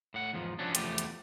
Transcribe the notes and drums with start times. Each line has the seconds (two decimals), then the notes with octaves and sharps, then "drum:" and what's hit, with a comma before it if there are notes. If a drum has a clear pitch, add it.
0.14 A2 F#5
0.33 E2 G#2 F3
0.59 F3 F#3 C#4 D4
0.75 E2 F3 G3 A3 G4, drum: hi-hat
0.98 drum: hi-hat